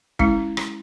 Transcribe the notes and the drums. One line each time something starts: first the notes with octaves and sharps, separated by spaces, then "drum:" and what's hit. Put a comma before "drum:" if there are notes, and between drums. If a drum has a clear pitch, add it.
G#3 C#4 E4, drum: kick
drum: rim click